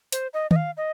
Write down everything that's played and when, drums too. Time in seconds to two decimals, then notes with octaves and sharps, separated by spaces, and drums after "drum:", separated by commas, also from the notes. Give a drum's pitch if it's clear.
0.12 C5, drum: hi-hat
0.34 D#5
0.51 D#5, drum: tom D#3
0.56 F5
0.77 D#5